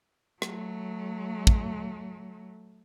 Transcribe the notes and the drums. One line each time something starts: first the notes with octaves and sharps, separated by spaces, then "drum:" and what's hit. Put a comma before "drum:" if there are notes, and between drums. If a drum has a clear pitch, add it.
F#3 A3, drum: rim click
drum: kick